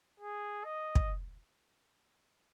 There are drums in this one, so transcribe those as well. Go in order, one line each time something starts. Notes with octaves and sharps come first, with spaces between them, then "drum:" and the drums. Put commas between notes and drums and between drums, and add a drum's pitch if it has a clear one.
G#4
D#5
drum: kick